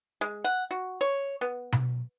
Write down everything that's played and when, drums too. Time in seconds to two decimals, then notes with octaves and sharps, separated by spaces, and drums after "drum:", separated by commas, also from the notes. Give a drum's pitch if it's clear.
0.21 G#3
0.44 F#5
0.71 F#4
1.01 C#5
1.41 B3
1.72 drum: tom B2